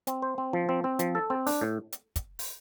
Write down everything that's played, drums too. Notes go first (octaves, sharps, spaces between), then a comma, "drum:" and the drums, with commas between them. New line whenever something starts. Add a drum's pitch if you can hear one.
C4, drum: hi-hat
C5
C4
F3
C4
C4
F3, drum: hi-hat
A4
C4
D4, drum: open hi-hat
A2
drum: hi-hat
drum: kick, hi-hat
drum: open hi-hat